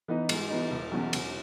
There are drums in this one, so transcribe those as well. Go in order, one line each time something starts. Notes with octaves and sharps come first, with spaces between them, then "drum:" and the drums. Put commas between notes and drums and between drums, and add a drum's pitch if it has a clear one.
E3 B3 D#4
G#2, drum: cymbal
E3 B3 D#4
E1
E2 B2 F#3 C#4
E1, drum: cymbal